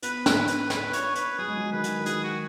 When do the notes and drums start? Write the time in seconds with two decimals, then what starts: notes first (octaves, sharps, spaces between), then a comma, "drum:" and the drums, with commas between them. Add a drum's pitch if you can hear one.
0.03 B3 B4, drum: hi-hat
0.26 B4, drum: snare
0.48 B4, drum: hi-hat
0.70 B4, drum: snare
0.93 C#5, drum: hi-hat
1.15 B4, drum: hi-hat
1.38 F#3 G#4
1.48 G#3
1.57 F#3
1.72 D#3 B4
1.84 drum: hi-hat
2.00 D#3
2.06 F#3 G#4, drum: hi-hat
2.24 F#4